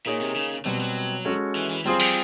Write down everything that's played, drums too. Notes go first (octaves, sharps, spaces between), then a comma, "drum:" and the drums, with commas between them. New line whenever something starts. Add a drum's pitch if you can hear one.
A#2 A#3 D#4 G#4 C#5
C3
C#3
B2 F#3 G3 C4
F#3
G#3 C#4 F#4 A4 C#5
E3
E3
F#3 G3 C4 F4 G#4 C5
F3, drum: cymbal